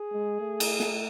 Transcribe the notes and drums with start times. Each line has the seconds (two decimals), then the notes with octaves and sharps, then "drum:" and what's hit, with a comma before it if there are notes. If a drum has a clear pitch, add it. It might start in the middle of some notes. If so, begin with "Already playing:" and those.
Already playing: G#4
0.12 G#3
0.41 A3
0.60 drum: cymbal
0.80 drum: snare